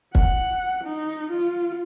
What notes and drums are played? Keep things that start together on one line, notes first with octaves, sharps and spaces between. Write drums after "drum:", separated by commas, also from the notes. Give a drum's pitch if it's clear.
F#5, drum: kick
D#4
F4